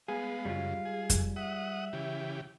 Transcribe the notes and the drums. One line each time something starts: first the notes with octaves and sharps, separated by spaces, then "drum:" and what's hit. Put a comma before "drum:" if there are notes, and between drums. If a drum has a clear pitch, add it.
G#3 B3 G#4 F5
F#2 C#3 G3 G#3 F4
G#4
drum: kick F2, hi-hat
E5 F#5 D#6
C#3 E3 G4